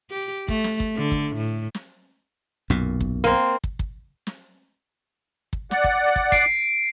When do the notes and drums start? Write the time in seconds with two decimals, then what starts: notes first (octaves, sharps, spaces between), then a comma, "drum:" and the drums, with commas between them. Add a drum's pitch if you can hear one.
0.10 G4
0.48 A3, drum: kick
0.64 drum: snare
0.80 drum: kick
0.96 D3
1.11 drum: kick
1.36 A2
1.75 drum: snare
2.70 B1 F#2 A#2
3.01 drum: kick
3.24 A#3 C4
3.64 drum: kick
3.79 drum: kick
4.27 drum: snare
5.53 drum: kick
5.71 D5 F#5, drum: snare
5.84 drum: kick
6.16 drum: kick
6.32 C7 D7, drum: kick